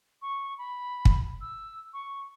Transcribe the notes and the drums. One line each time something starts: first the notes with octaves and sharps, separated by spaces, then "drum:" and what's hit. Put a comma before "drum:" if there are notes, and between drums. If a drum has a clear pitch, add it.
C#6
B5
drum: kick
E6
C#6